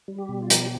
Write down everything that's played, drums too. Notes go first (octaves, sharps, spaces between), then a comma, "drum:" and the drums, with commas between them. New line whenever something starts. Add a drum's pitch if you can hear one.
G3
G4
B2
F4
F3 G4, drum: hi-hat